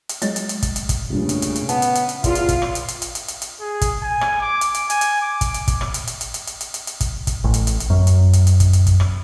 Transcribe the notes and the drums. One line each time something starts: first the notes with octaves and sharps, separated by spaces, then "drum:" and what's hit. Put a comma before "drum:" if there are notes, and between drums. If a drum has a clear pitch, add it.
drum: hi-hat
F#3 G#3 A6, drum: hi-hat
drum: hi-hat
drum: hi-hat
drum: kick, hi-hat
drum: hi-hat
drum: kick, hi-hat
F1 G2 A#2 C#3
drum: hi-hat
drum: hi-hat
drum: hi-hat
B3 A5, drum: hi-hat
drum: hi-hat
drum: hi-hat
drum: hi-hat
E2 F4, drum: kick, hi-hat
drum: hi-hat
drum: kick, hi-hat
drum: rim click
drum: hi-hat
drum: hi-hat
drum: hi-hat
drum: hi-hat
drum: hi-hat
drum: hi-hat
G#4
drum: kick, hi-hat
G#5
drum: rim click
D6
drum: hi-hat
drum: hi-hat
G#5, drum: hi-hat
drum: hi-hat
D6
drum: kick, hi-hat
drum: hi-hat
drum: kick, hi-hat
drum: rim click
drum: hi-hat
drum: hi-hat
drum: hi-hat
drum: hi-hat
drum: hi-hat
drum: hi-hat
drum: hi-hat
drum: hi-hat
drum: kick, hi-hat
drum: kick, hi-hat
A1
drum: hi-hat
drum: hi-hat
drum: hi-hat
F#2
drum: hi-hat
drum: hi-hat
drum: hi-hat
drum: kick, hi-hat
drum: hi-hat
drum: kick, hi-hat
drum: rim click